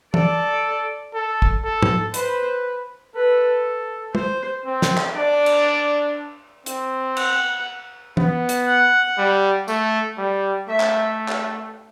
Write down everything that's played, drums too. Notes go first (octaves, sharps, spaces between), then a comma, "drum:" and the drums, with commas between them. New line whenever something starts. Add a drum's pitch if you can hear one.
A4 D5, drum: tom E3
A4
drum: kick
A4
drum: tom G#2
B4 C5, drum: hi-hat
A4 B4
C5, drum: tom
C4
drum: snare
drum: clap
D4 D5
drum: cymbal
C4, drum: hi-hat
F#5, drum: cymbal
B3, drum: tom E3
drum: hi-hat
F#5
G3
A3, drum: tambourine
G3
A3 E5
drum: clap
drum: clap